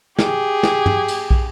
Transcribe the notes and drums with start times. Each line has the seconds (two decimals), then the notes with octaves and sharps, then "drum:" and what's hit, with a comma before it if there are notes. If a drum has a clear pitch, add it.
0.19 G4 G#4, drum: snare
0.63 drum: snare
0.86 drum: tom
1.08 drum: cymbal
1.31 drum: kick